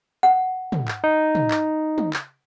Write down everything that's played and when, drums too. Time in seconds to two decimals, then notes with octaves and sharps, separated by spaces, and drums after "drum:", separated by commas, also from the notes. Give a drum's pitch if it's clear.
0.23 F#5
0.72 drum: tom
0.88 drum: clap
1.04 D#4
1.35 drum: tom
1.51 drum: clap
1.98 drum: tom
2.13 drum: clap